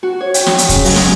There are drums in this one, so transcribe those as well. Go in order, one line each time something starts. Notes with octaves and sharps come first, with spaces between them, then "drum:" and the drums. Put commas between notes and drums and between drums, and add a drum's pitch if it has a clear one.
F#4
C#5
G5, drum: hi-hat
F#4, drum: snare
drum: hi-hat
C#3, drum: kick, hi-hat
F#3, drum: open hi-hat
G#3, drum: snare